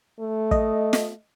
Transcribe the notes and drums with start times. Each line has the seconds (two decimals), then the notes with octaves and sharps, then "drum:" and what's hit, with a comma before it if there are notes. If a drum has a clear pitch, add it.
0.20 A3
0.51 D#5, drum: kick
0.93 drum: snare